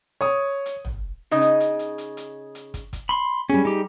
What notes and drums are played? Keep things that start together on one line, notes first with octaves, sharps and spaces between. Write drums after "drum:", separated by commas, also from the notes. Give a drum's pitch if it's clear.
C#5 D#6
drum: hi-hat
drum: tom
C#3 D#4 D#5
drum: hi-hat
drum: hi-hat
drum: hi-hat
drum: hi-hat
drum: hi-hat
drum: hi-hat
drum: kick, hi-hat
drum: kick, hi-hat
B5 C6
G3 C#4 G#4
D#4 G4